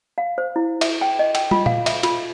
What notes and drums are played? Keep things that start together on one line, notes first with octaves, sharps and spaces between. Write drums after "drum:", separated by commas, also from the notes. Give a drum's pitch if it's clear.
F5
C5
E4
E5, drum: cymbal
G5
D#5
G5, drum: cymbal
F4, drum: tom
F5, drum: tom A#2
E5, drum: cymbal
F4, drum: cymbal